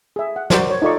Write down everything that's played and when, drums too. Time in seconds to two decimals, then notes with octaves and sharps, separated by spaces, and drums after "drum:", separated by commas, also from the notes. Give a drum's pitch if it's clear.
0.16 G#4 E5
0.36 F#5
0.50 F#4 A#4 C5 D5, drum: snare
0.70 C#5
0.82 D#4 F4 A4 D5 C#6